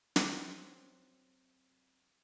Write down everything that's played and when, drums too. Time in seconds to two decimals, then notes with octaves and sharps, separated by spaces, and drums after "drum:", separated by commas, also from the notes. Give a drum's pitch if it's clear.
0.16 F#3 C4 F#4, drum: snare